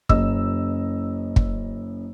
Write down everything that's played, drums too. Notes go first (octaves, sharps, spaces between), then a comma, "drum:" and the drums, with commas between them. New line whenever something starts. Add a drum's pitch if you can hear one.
F#1 F#2 D#5 E6, drum: kick
drum: kick